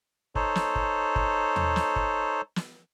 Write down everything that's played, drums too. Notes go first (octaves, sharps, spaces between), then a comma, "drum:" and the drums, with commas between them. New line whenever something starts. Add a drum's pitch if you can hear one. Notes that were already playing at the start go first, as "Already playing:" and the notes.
D#4 A4 C5 C#5, drum: kick
drum: snare
drum: kick
drum: kick
drum: tom
drum: snare
drum: kick
drum: snare